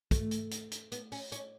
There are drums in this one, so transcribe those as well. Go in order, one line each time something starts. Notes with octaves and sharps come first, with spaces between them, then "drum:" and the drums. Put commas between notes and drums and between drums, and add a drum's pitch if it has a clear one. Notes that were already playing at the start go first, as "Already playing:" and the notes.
A3, drum: kick, hi-hat
drum: hi-hat
drum: hi-hat
drum: hi-hat
B3, drum: hi-hat
C#4, drum: open hi-hat
C#4, drum: hi-hat